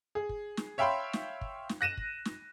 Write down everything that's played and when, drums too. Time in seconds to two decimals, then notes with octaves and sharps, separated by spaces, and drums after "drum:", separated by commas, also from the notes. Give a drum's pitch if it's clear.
0.15 G#4
0.29 drum: kick
0.57 drum: snare
0.78 C#5 E5 F5 G5 B5 C6
1.13 drum: snare
1.41 drum: kick
1.69 drum: snare
1.81 F#6 A#6 D#7 E7
1.97 drum: kick
2.25 drum: snare